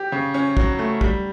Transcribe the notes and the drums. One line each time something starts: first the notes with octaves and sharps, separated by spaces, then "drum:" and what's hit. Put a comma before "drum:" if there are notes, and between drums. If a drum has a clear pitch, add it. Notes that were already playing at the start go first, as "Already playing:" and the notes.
Already playing: G4
C#3
C#4
F#3, drum: kick
A3
G3, drum: kick